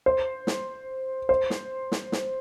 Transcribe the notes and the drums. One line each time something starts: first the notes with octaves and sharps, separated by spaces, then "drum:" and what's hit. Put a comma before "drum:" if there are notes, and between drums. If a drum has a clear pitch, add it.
C5
drum: snare
C5
drum: snare
drum: snare
drum: snare